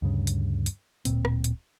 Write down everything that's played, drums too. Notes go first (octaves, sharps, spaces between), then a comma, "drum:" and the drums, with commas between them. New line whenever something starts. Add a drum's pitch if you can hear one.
D2 G2 C#3
drum: hi-hat
drum: hi-hat
D1 A#2 C4, drum: hi-hat
drum: rim click
drum: hi-hat